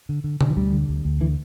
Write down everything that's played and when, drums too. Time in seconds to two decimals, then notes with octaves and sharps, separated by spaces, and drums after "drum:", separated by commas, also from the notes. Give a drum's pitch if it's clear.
0.09 D3
0.24 D3
0.41 D3, drum: tom B2
0.50 E3
0.57 D2 G3
0.73 D3
0.89 D2
1.05 D2
1.20 D3 E3